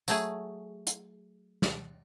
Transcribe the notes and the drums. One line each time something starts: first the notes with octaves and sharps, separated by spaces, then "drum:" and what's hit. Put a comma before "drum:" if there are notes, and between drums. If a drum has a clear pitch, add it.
F#3 A3 G#4, drum: tambourine
drum: hi-hat
drum: snare